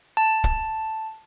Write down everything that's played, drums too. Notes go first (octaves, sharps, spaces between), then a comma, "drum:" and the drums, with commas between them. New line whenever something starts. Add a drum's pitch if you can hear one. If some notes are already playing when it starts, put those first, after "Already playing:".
A5
drum: kick